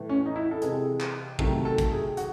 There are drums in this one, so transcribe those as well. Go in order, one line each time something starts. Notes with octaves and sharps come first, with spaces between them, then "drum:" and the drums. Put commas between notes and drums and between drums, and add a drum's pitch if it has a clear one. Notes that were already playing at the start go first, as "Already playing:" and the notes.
Already playing: A2 E3 A3
C#4
D#4
E4
A4
C3 E3 G#3 G#4, drum: hi-hat
drum: clap
C3 D#3 F#3 A3 A4, drum: kick
A4
drum: kick, hi-hat
G#4
F#4, drum: hi-hat